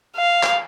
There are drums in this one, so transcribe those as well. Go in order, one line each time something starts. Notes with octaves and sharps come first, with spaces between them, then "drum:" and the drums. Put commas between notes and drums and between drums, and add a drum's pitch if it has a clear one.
F5
drum: clap